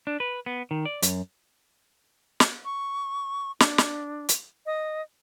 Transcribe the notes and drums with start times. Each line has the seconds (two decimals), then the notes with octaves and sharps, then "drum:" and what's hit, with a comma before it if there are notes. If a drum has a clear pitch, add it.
0.07 D4
0.20 B4
0.46 B3
0.71 D#3
0.85 D5
1.02 F#2, drum: hi-hat
2.40 drum: snare
2.65 C#6
3.60 D4, drum: snare
3.78 drum: snare
4.29 drum: hi-hat
4.66 D#5